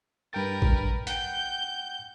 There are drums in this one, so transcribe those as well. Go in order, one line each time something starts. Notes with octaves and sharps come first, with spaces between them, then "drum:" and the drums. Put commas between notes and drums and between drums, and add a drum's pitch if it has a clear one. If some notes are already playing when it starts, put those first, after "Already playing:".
G2 A#4 B4 G5 A6
drum: kick A1
F#5 G5 G6, drum: hi-hat